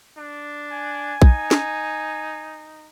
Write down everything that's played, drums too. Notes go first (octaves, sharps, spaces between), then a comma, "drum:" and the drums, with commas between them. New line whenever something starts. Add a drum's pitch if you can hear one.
D4
G#5
D#4, drum: kick A#1
drum: snare